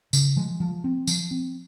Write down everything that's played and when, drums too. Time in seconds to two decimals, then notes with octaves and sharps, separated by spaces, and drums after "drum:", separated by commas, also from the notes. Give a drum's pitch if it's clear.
0.13 C#3, drum: tambourine
0.36 F3 G#3
0.60 F3
0.84 C4
1.07 F3, drum: tambourine
1.31 C4